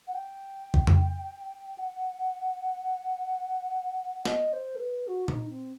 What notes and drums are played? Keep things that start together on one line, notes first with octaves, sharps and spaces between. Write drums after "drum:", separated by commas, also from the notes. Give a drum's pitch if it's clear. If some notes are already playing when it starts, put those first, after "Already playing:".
F#5
G5
drum: kick
drum: tom F2
F#5
D#5, drum: snare
C5
A4
B4
F#4
D#4, drum: tom A#2
C4